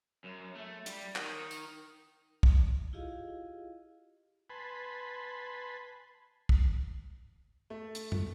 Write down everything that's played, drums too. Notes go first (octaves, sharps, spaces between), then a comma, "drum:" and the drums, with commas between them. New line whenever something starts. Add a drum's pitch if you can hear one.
F#2
A3
G3, drum: hi-hat
D#3, drum: clap
drum: tambourine
drum: kick
E4 F4 G4 G#4 D#5 F5
B4 G#5 A5 B5 C6
drum: kick
A3
drum: hi-hat
drum: tom